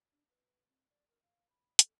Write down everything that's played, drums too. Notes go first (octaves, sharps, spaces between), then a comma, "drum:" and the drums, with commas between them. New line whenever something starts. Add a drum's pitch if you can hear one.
D4
B4
C4
D5
A#4
F5
B5
A4, drum: hi-hat